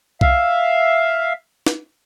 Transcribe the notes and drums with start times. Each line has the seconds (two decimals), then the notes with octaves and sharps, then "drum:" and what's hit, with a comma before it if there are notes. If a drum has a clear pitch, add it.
0.21 E5 F5, drum: kick B1
1.66 drum: snare